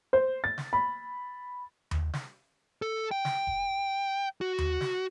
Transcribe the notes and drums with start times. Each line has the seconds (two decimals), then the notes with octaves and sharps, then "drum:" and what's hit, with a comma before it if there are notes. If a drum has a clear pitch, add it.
0.13 C5
0.44 A6
0.58 drum: snare
0.73 B5
1.91 drum: tom D#2
2.13 drum: snare
2.82 A4
3.11 G5
3.25 drum: snare
3.47 drum: kick E1
4.41 F#4
4.58 drum: tom D#2
4.81 drum: snare